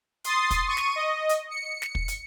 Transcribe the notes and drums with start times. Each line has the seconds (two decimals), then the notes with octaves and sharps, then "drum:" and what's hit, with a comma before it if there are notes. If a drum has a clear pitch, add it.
0.24 C6 D#6 A6 C7, drum: hi-hat
0.51 drum: kick, hi-hat
0.67 C#6 D#7
0.77 drum: snare
0.96 D#5
1.29 drum: hi-hat
1.50 C#7
1.82 drum: snare
1.95 drum: kick
2.08 drum: hi-hat